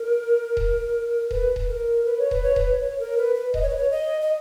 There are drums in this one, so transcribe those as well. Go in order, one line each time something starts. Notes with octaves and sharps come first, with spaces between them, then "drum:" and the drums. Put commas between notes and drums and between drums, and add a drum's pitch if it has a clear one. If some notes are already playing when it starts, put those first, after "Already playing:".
Already playing: A#4
drum: kick D#1
B4, drum: kick D#1
drum: kick D#1
A#4
B4
C#5
B4, drum: kick D#1
C#5
B4, drum: kick D#1
C#5
A#4
B4
B4
D#5, drum: kick D#1
C#5
B4
C#5
D#5
D#5